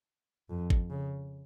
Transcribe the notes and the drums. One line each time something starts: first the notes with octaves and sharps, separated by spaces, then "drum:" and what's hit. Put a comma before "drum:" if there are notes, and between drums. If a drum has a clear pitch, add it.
F2
drum: kick G#1
C#3